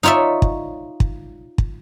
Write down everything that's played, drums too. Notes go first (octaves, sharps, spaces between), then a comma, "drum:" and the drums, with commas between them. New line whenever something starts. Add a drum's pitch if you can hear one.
D#4 F4 C#5 D5 E5
drum: kick
drum: kick
drum: kick